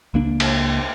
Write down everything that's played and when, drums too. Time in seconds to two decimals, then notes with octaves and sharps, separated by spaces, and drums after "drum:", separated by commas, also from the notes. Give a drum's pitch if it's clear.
0.14 C#2 A#3 D4
0.40 drum: cymbal